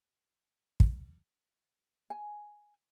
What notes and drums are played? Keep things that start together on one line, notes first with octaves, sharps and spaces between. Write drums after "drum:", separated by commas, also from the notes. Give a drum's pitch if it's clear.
drum: kick
G#5